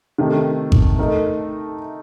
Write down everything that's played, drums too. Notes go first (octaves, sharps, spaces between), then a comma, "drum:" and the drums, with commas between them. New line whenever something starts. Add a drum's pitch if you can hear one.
C3 D#3 A3
drum: kick G#1
A3 D#4 A#4